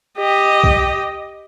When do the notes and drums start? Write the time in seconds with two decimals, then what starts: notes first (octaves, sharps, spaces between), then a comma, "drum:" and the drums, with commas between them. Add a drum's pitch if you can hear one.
0.18 G4 D#5
0.64 drum: kick B1